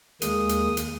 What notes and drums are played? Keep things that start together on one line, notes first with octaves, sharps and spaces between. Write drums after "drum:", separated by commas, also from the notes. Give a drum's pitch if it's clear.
D#2 G#3 A#3 D#6, drum: hi-hat
drum: hi-hat
drum: hi-hat